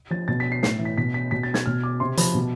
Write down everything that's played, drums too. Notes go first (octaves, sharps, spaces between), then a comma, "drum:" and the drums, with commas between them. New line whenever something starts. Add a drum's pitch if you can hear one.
F3 A6
B2 A6
B6
C7
A2 C7, drum: snare
E3
B6
B2 B6
B6
B2 B6
A6
G#6, drum: snare
B2 F6
D6
C3 C6
F3 B5, drum: hi-hat
B2